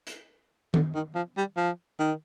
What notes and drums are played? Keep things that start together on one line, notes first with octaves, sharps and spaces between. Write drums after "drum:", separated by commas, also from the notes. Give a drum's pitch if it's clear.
drum: hi-hat
D3, drum: tom D#3
D#3
F3
G3
F3
D#3